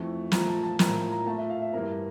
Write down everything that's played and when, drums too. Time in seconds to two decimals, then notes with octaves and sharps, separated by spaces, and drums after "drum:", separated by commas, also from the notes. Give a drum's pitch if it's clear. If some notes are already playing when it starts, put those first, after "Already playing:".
Already playing: F2 E3 A3 C#6
0.32 A#2 F3 A3 A#5, drum: snare
0.48 A5
0.63 A5
0.79 A2 F3 A#3 A#5, drum: snare
1.11 A#5
1.26 A#2 A3 A5
1.38 E5
1.50 F5
1.62 E5
1.73 G2 E3 A#3 A#4